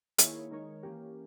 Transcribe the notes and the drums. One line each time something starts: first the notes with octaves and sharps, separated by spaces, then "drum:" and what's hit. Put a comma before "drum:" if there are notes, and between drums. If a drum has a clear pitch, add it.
D#3 A#3 E4 G#4 C#5, drum: hi-hat
D#3 G#3 D#4 A#4 C#5
E3 A#3 C#4 G4 A#4